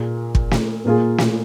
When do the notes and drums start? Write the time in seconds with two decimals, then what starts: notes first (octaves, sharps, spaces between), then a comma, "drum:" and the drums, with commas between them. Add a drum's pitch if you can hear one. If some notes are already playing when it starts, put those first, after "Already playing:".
Already playing: A#2 A#3 F4 G#4
0.35 drum: kick
0.51 drum: snare
0.85 A#2 A#3 F4 G#4
1.18 drum: snare